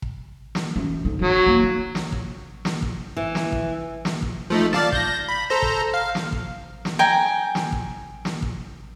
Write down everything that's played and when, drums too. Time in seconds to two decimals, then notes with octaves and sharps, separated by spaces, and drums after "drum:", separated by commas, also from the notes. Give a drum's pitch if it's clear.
0.02 drum: kick
0.55 drum: snare
0.76 F#2 E3
1.05 G#2 D3
1.22 D#3 F#3
1.47 A#3 E4
1.63 D#3
1.95 drum: snare
2.12 drum: kick
2.65 drum: snare
2.82 drum: kick
3.17 E3
3.35 drum: snare
3.52 drum: kick
4.05 drum: snare
4.22 drum: kick
4.50 F3 A3 D#4
4.73 D5 F5 A5, drum: snare
4.92 G6 A#6, drum: kick
5.29 B5
5.50 A4 C5 A#5
5.62 drum: kick
5.94 F5
6.15 drum: snare
6.32 drum: kick
6.85 drum: snare
6.99 G5 G#5 A#5
7.55 drum: snare
7.72 drum: kick
8.25 drum: snare
8.42 drum: kick